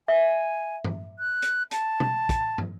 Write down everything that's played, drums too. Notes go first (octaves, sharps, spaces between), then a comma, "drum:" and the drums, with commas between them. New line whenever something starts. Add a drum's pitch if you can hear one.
E5 G#5
drum: tom
F#6
drum: hi-hat
A5, drum: hi-hat
drum: tom B2
drum: kick, hi-hat
drum: tom